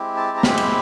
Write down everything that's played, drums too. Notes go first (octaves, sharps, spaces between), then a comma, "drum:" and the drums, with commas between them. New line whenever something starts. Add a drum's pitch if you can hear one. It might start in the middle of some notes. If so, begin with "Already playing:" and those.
Already playing: G#3 C4 E4 G4
A5
A#5
G#3 C4 E4 G4 B5, drum: snare
drum: cymbal